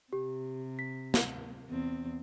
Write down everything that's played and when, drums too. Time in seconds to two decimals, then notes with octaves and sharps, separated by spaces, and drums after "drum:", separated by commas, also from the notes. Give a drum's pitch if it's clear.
0.13 C3 G4
0.79 B6
1.14 drum: snare
1.69 E2 C4